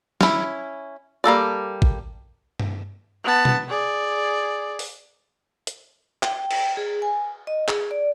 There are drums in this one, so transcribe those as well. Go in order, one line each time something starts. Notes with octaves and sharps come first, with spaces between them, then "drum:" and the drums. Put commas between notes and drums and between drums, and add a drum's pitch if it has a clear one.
C#4 E4, drum: snare
G3 A#3 A4 D5
drum: kick A1
drum: tom G2
B3 A5
drum: tom B2
G#4 D5
drum: open hi-hat
drum: hi-hat
G5, drum: clap
drum: cymbal
G#4
G#5
D#5
G#4, drum: clap
D5